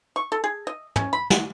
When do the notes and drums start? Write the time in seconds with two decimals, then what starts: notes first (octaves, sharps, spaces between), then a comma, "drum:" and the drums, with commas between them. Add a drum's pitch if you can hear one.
0.16 C#6
0.32 A4
0.44 G#4
0.67 D#5
0.96 C#4, drum: tom
1.13 B5
1.30 F#5, drum: snare